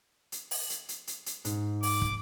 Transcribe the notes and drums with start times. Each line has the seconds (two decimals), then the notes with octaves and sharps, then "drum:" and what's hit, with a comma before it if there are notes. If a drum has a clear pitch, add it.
0.32 drum: hi-hat
0.51 drum: open hi-hat
0.70 drum: hi-hat
0.89 drum: hi-hat
1.07 drum: hi-hat
1.26 drum: hi-hat
1.45 G#2, drum: hi-hat
1.83 D6, drum: open hi-hat
2.02 drum: kick